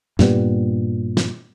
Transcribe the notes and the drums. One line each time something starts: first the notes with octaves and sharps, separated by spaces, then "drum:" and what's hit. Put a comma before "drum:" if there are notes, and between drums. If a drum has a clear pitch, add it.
G2 A#2 G3 B3, drum: snare
drum: snare